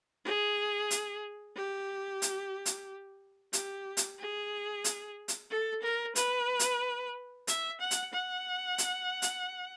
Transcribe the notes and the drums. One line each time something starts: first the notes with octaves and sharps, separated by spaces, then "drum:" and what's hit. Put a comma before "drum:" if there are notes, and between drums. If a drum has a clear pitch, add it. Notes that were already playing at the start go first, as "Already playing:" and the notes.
G#4
drum: hi-hat
G4
drum: hi-hat
drum: hi-hat
G4, drum: hi-hat
drum: hi-hat
G#4
drum: hi-hat
drum: hi-hat
A4
A#4
B4, drum: hi-hat
drum: hi-hat
E5, drum: hi-hat
F#5
drum: hi-hat
F#5
drum: hi-hat
drum: hi-hat